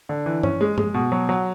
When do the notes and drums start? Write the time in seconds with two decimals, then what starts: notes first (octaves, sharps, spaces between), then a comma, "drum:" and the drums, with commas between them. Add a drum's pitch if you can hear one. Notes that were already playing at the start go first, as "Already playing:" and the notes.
0.09 D3
0.26 E3
0.43 C#4, drum: tom G2
0.61 G#3
0.78 G#3, drum: tom G2
0.94 B2
1.12 F#3
1.29 F#3